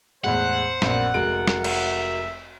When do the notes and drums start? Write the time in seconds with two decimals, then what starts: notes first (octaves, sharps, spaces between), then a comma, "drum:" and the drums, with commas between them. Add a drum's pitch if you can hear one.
0.24 E2 A2 G#3 C5 F#5
0.82 A#1 F#2 B3 A#4 D5, drum: snare
1.14 F1 G#3 F#4 A#4 A#5 D7
1.47 drum: snare
1.64 E5, drum: cymbal